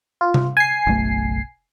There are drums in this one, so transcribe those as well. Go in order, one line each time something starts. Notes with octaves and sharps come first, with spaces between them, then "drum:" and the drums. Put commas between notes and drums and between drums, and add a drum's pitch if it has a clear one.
F4
drum: tom C3
G#5 C7
F#1 B1 A3